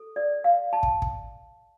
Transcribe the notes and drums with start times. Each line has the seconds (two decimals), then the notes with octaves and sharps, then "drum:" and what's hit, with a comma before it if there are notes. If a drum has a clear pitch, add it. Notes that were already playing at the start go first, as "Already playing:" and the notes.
Already playing: A4
0.16 D5
0.44 F5
0.73 A5
0.83 drum: kick
1.02 drum: kick